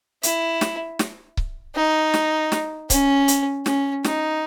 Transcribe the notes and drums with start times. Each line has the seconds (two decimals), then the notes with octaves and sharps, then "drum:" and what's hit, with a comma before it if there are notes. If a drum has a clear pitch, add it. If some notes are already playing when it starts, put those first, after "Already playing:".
0.23 E4, drum: hi-hat
0.61 drum: snare
0.99 drum: snare
1.37 drum: kick C#1
1.76 D#4
2.14 drum: snare
2.52 drum: snare
2.90 C#4, drum: kick C#1, hi-hat
3.28 drum: hi-hat
3.66 C#4, drum: snare
4.04 D#4, drum: snare